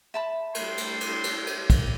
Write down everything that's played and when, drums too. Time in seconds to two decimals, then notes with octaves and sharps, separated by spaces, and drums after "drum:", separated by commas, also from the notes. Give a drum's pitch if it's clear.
0.14 E5 A5 B5
0.55 G3 A3 D4 C5 C6, drum: cymbal
0.78 drum: cymbal
1.01 drum: cymbal
1.24 drum: cymbal
1.47 drum: cymbal
1.70 drum: kick, cymbal